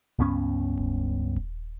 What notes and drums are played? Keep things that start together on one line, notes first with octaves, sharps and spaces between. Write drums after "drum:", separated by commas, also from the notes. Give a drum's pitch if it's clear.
C#2 G2 B3 C#4
drum: kick D#1
drum: kick D#1